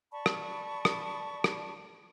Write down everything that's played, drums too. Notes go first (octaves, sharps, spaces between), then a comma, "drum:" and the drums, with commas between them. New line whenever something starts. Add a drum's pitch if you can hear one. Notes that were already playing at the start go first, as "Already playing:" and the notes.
D5 A5 B5 C#6
drum: rim click
drum: rim click
drum: rim click